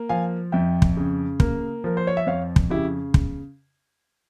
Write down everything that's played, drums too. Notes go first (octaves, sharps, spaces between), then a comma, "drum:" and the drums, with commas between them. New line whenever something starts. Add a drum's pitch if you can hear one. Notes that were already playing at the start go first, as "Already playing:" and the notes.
Already playing: A#3
F3 F5 G#5
F2 E5 G5
drum: kick
C#3
A#3, drum: kick
F3 A#4
C5
C#5
E5
F2 C#5 F5
drum: kick
C#3 E4 G4
drum: kick